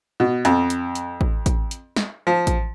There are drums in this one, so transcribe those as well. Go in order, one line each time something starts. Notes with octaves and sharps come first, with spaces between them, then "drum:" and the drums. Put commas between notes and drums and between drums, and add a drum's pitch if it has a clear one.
B2
F2, drum: hi-hat
drum: hi-hat
drum: hi-hat
drum: kick A1
drum: kick A1, hi-hat
drum: hi-hat
drum: snare
F3
drum: kick A1, hi-hat